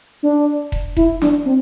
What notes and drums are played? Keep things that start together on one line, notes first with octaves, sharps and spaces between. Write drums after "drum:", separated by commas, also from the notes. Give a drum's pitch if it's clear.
D4
drum: kick E1
E4, drum: kick E1
D4, drum: snare
C4